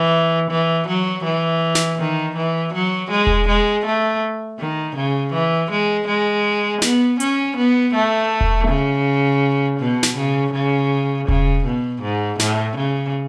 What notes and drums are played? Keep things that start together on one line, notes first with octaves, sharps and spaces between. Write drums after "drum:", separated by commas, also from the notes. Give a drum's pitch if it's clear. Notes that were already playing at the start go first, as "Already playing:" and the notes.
Already playing: E3
E3
F#3
E3
drum: snare
D#3
E3
F#3
G#3
drum: kick E1
G#3
A3
D#3
C#3
E3
G#3
G#3
B3, drum: snare
C#4, drum: hi-hat
B3
A3
drum: kick E1
C#3
B2
drum: snare
C#3
C#3
C#3, drum: kick E1
B2
G#2
A2, drum: snare
C#3